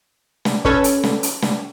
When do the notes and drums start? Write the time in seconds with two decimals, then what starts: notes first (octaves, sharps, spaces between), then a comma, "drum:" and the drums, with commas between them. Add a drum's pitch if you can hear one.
0.45 drum: snare
0.65 C#4 A4 B4 C#5, drum: kick
0.84 drum: hi-hat
1.03 drum: snare
1.23 drum: hi-hat
1.42 drum: snare